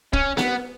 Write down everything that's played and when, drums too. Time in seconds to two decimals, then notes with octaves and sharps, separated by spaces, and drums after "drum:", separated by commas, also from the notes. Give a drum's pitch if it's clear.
0.13 C#4, drum: kick
0.37 B3, drum: snare B3